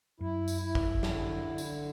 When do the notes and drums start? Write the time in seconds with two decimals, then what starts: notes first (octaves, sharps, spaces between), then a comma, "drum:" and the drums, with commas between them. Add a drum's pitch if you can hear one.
0.20 F#2 E4
0.48 drum: tambourine
0.62 E4
0.75 drum: kick G#1
1.03 D3, drum: snare
1.44 D3
1.58 drum: tambourine